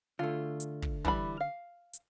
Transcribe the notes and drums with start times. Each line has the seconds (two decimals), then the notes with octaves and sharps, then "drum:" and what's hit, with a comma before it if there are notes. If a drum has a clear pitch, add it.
0.19 D3 A3 F4
0.60 drum: hi-hat
0.82 drum: kick
1.05 E3 G3 B5, drum: kick
1.40 F5
1.94 drum: hi-hat